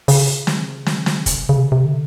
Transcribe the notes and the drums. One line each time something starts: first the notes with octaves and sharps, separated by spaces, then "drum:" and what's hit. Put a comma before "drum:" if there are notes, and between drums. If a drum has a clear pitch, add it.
C#3, drum: open hi-hat
drum: snare
drum: snare
drum: snare
C3, drum: kick, hi-hat
C#3
C3
C#3
C3
C#3
C3
D3